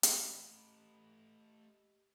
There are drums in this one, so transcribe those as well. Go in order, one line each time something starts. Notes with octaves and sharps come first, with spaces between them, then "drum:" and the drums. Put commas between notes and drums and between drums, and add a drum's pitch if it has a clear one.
A3 G4 B4 D#5 B5, drum: hi-hat